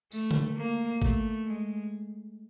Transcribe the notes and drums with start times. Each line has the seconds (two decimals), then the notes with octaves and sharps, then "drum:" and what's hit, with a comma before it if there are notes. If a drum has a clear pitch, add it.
0.12 A3, drum: tambourine
0.31 drum: tom D3
0.57 A#3
1.02 A3, drum: kick G#1
1.46 G#3